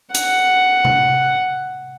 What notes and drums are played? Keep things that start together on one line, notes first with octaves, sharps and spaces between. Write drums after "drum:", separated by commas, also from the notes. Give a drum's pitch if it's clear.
F#5, drum: hi-hat
drum: tom C3